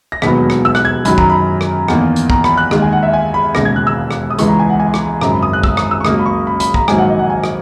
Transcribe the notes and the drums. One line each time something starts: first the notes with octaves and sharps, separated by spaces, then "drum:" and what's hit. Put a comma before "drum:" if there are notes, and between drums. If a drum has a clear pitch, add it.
A#6
E1 D#2 D#3 F#3 B3 B6, drum: rim click
drum: rim click
E6
F#6, drum: rim click
G#6
F#2 D#3 F#3 B5, drum: hi-hat
A#5, drum: kick
B5
drum: rim click
E2 D#3 A#3, drum: rim click
drum: hi-hat
A#5, drum: kick
B5, drum: rim click
F#6
D#2 D#3 G#3, drum: rim click
G#5
F#5
E5
G#5
B5
E1 D#2 C#3 A#6, drum: rim click
G#6
F#6
E6
drum: rim click
D#6
C#2 C#3 E3 C#6, drum: hi-hat
A#5
G#5
F#5
G#5
drum: rim click
G#1 F#2 C#3 F#3 A#5, drum: rim click
B5
D#6
F#6
E6, drum: kick
D#6, drum: rim click
E6
C#6
C#2 C#3 F#3 A#3 D#6, drum: rim click
B5
C#6
B5
B5, drum: hi-hat
A#5, drum: kick
A#1 G#2 D#3 F#3 A#3 G#5, drum: rim click
F#5
D#5
F#5
G#5
drum: rim click